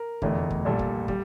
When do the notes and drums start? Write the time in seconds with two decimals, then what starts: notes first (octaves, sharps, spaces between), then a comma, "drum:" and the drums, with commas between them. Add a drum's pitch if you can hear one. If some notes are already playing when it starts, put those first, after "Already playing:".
Already playing: A#4
0.22 F1 E2 D3 A3, drum: kick
0.51 drum: kick
0.65 A#1 A#2 G3 A4
0.79 drum: kick
1.08 G3, drum: kick